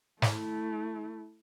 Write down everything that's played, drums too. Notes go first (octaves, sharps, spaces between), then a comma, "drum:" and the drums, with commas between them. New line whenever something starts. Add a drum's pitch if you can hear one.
A3 E4, drum: snare